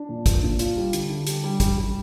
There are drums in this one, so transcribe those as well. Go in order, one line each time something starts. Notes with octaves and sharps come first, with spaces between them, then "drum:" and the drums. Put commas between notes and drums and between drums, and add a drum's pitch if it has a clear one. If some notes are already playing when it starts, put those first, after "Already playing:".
Already playing: D4
A#2
A#2, drum: kick, hi-hat
D4
F4, drum: hi-hat
G3
D3, drum: hi-hat
D3
G4, drum: hi-hat
G3
G3, drum: kick, hi-hat
G3